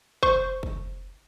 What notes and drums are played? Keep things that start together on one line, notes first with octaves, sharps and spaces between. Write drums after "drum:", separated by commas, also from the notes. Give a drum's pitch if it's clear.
C5 C#6, drum: kick
drum: kick